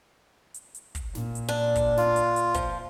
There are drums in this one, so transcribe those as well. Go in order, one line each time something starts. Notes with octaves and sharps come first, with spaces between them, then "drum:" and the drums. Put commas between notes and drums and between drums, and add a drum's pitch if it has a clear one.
drum: hi-hat
drum: hi-hat
drum: kick, hi-hat
A#2, drum: snare
drum: hi-hat
D4
drum: kick, hi-hat
F4, drum: snare
drum: hi-hat
drum: hi-hat
F3, drum: kick, hi-hat